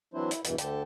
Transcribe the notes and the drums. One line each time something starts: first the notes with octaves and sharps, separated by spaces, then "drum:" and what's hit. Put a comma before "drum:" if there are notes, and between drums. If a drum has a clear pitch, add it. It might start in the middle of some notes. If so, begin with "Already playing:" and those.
E3 F#3 C4 D4 E4 C5
E4, drum: hi-hat
E2 G2 B2 E3, drum: hi-hat
D2 D3 D5 G5 A5, drum: hi-hat